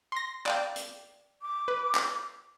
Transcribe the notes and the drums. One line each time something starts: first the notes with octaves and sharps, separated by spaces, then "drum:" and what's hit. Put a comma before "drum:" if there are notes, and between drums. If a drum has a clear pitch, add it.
C6 A#6
D5 F5 G5, drum: clap
drum: hi-hat
D6
B4
drum: clap